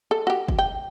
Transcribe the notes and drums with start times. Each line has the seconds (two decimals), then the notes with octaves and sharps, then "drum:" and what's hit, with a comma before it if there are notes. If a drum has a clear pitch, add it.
0.11 A4
0.27 F#4 G4
0.48 drum: kick
0.59 G5